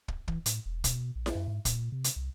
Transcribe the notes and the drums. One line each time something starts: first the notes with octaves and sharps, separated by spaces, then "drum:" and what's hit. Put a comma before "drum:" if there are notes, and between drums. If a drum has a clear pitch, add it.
drum: kick
E3, drum: kick
A2, drum: hi-hat
E1
B2, drum: kick, hi-hat
A#1
drum: snare E4
F#2
G#2
A#2, drum: kick, hi-hat
C3
drum: hi-hat
C2